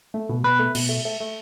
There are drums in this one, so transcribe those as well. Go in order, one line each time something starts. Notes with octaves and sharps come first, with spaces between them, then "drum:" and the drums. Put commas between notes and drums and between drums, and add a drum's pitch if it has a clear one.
A3
B2
B2 B4
A3
B2, drum: cymbal
A3
A3
A3